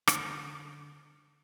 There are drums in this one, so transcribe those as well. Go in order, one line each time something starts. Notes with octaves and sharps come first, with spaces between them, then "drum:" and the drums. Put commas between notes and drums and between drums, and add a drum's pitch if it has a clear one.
D3, drum: rim click